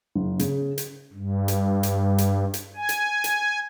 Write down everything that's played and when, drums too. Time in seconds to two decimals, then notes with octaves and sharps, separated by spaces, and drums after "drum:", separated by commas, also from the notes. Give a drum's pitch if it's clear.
0.15 F#1
0.39 C#3, drum: hi-hat
0.78 drum: hi-hat
1.13 G2
1.48 drum: hi-hat
1.83 drum: hi-hat
2.18 drum: hi-hat
2.54 drum: hi-hat
2.76 G#5
2.89 drum: hi-hat
3.24 drum: hi-hat